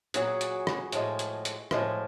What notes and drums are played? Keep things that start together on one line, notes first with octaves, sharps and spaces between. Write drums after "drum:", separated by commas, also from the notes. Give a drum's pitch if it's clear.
A#2 F#3 F#4 G#4, drum: hi-hat
drum: hi-hat
drum: rim click
A2 F3 G#3, drum: hi-hat
drum: hi-hat
drum: hi-hat
A2 F3 G#3, drum: rim click